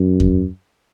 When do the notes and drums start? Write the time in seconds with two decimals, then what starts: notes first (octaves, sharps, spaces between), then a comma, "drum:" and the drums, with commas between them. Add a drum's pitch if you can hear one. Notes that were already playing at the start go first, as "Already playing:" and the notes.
Already playing: F#2
0.20 drum: kick E2